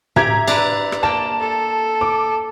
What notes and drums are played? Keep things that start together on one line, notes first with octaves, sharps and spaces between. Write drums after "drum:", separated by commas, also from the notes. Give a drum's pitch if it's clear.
G4 E5 A#5 G#6, drum: tom
D4 E4 B4, drum: cymbal
drum: rim click
A#3 G5 A5
A4
D6